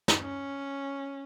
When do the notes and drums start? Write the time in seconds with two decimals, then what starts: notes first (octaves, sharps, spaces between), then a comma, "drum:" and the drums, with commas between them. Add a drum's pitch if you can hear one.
0.08 drum: snare
0.21 C#4